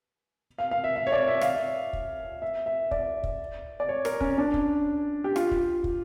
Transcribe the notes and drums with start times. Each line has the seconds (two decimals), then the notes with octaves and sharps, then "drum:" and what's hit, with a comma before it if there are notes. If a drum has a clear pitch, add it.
0.58 F5
0.71 F5
0.84 E5
0.96 E5
1.07 C#5
1.12 D5
1.28 E5
1.41 F5, drum: rim click
1.55 E5
1.93 drum: kick
2.42 E5
2.66 E5
2.91 D5, drum: kick
3.23 drum: kick
3.80 D5
3.89 C#5
4.05 A#4, drum: rim click
4.21 C#4, drum: kick
4.38 D4
4.54 drum: kick
5.24 G4
5.36 F4, drum: rim click
5.51 drum: kick
5.84 drum: kick